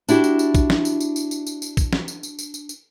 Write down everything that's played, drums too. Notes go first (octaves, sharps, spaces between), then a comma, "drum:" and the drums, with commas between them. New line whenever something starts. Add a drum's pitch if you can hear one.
D4 E4 F#4 G4, drum: tambourine
drum: tambourine
drum: tambourine
drum: kick, tambourine
drum: snare
drum: tambourine
drum: tambourine
drum: tambourine
drum: tambourine
drum: tambourine
drum: tambourine
drum: kick, tambourine
drum: snare
drum: tambourine
drum: tambourine
drum: tambourine
drum: tambourine
drum: tambourine